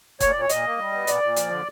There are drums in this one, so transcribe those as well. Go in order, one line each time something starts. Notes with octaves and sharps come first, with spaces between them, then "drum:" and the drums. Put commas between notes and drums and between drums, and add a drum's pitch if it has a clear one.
A#2 C#5, drum: kick F1, hi-hat
A#2 D5
C#5
A#2 D#5, drum: hi-hat
A#3
G3
B3
A#2 D5, drum: hi-hat
A#2
F3, drum: hi-hat
D3